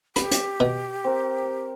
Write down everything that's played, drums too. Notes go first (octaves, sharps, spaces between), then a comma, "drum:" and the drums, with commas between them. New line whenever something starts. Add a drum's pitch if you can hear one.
G4 B5, drum: hi-hat
drum: hi-hat
B2
C4 A#4